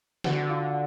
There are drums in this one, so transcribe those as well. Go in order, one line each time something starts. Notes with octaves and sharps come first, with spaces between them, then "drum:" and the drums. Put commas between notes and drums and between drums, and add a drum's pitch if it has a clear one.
D3 F#4, drum: snare
F4